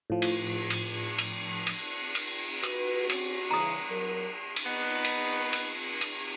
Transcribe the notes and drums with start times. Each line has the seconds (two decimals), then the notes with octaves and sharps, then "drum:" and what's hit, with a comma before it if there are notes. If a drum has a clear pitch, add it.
0.10 A2 F3
0.22 drum: cymbal
0.70 drum: cymbal
1.18 drum: cymbal
1.67 drum: cymbal
2.15 drum: cymbal
2.63 F#4 B4, drum: cymbal
3.09 C4 C#4, drum: cymbal
3.51 C#3 E3 A#5 D#6
3.90 F#3 A#4
4.56 drum: cymbal
4.65 B3 D#4 B4
5.04 drum: cymbal
5.53 drum: cymbal
6.01 drum: cymbal